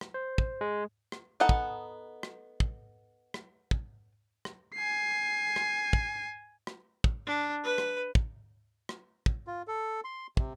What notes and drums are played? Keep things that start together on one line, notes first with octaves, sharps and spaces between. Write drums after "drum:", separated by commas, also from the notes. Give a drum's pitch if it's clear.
drum: rim click
C5
drum: kick
G#3
drum: rim click
B3 D#4 A4 F#5
drum: kick
drum: rim click
drum: kick
drum: rim click
drum: kick
drum: rim click
G#5 C7
drum: rim click
drum: kick
drum: rim click
drum: kick
D4
B4
drum: rim click
drum: kick
drum: rim click
drum: kick
F4
A4
C6
C3, drum: kick